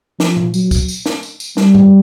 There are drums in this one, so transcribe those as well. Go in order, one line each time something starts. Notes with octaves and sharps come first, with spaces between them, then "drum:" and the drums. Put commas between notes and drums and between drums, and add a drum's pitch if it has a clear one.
F3, drum: snare
drum: tom A#2
F#3, drum: tambourine
drum: kick, tambourine
drum: tambourine
drum: snare
drum: tambourine
drum: tambourine
G3, drum: snare
drum: tom F#2